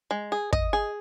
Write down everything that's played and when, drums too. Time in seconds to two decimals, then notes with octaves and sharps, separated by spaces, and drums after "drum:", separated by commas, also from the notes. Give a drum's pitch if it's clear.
0.11 G#3
0.32 G#4
0.53 D#5, drum: kick
0.73 G#4